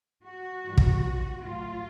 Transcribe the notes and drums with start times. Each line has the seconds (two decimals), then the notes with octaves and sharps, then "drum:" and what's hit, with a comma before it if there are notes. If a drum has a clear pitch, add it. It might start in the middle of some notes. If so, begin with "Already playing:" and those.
0.24 F#4
0.64 G#2 E3 G3
0.78 drum: kick
1.43 A2 F#3 A3 F4